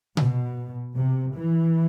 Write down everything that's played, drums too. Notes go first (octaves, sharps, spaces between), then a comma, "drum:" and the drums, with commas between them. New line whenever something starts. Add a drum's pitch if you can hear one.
B2, drum: tom C3
C3
E3